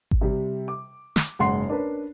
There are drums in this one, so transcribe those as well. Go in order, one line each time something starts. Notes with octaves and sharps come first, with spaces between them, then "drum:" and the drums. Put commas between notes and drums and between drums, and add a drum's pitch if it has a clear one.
drum: kick G#1
C3 G3
D6
drum: snare
F#1 G#2 G#3 F#5 C6 C7
C#4 D4 A#4 B4